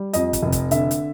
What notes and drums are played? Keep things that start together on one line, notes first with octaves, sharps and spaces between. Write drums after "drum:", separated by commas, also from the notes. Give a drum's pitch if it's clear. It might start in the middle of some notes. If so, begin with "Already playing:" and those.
Already playing: G3
F2 D#5, drum: hi-hat
drum: kick, hi-hat
F1
drum: kick, hi-hat
D3 E5, drum: hi-hat
drum: hi-hat